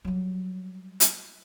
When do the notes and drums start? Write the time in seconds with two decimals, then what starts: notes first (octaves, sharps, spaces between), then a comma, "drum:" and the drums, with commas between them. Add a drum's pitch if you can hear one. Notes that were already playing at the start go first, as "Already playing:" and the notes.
0.05 F#3 G3
1.00 drum: hi-hat